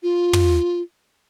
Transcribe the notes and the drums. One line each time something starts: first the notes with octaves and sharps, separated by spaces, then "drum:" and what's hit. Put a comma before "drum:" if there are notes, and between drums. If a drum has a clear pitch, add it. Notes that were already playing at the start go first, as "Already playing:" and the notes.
F4
drum: tom